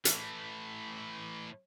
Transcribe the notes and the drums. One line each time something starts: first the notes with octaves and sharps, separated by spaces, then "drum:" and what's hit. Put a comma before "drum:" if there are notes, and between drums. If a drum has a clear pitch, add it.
A2 E3, drum: hi-hat